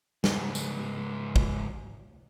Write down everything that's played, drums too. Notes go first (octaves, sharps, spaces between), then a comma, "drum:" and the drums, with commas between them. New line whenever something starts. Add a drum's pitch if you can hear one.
C#2 G#2, drum: snare
drum: tambourine
drum: kick